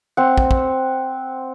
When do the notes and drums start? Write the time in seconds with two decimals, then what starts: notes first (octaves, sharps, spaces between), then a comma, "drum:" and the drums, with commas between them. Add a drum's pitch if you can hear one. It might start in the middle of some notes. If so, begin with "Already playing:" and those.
0.17 C4 F#5
0.38 drum: kick
0.51 drum: kick